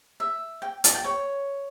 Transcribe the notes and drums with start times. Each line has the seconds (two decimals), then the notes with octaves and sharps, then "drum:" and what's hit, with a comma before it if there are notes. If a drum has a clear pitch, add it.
0.20 E5
0.62 G5
0.84 A5, drum: hi-hat
0.95 G5
1.04 C#5